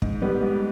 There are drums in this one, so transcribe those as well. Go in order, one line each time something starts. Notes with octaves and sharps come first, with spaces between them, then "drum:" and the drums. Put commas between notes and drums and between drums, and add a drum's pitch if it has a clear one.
G#2, drum: kick
G3 B3 G4
G#2